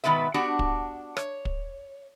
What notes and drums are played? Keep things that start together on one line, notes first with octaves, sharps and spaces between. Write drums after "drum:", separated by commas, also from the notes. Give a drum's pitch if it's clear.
G#2 B2 D#3 B3 B4 E5
B3 D4 F#4 G4 F#5
drum: kick
C#5, drum: rim click
drum: kick